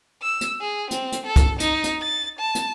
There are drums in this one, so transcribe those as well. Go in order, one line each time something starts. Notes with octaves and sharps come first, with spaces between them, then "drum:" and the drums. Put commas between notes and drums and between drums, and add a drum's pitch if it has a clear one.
E6
drum: hi-hat
G#4
C4, drum: hi-hat
drum: hi-hat
A4
drum: kick, hi-hat
D#4, drum: hi-hat
drum: hi-hat
A6
A5
drum: hi-hat